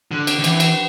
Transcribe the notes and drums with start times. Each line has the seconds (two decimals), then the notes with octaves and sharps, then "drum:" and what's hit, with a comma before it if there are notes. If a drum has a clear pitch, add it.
0.11 D3
0.27 drum: cymbal
0.39 D3
0.44 E3, drum: cymbal
0.60 drum: cymbal